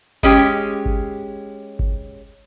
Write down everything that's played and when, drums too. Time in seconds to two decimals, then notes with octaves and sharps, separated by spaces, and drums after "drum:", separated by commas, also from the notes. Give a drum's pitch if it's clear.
0.23 G#3 C#4 G4, drum: kick G1
0.86 drum: kick G1
1.79 drum: kick G1